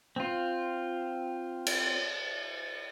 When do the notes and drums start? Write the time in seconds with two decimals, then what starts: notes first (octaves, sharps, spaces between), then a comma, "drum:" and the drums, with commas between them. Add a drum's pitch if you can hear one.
0.16 C4 F4
1.67 drum: cymbal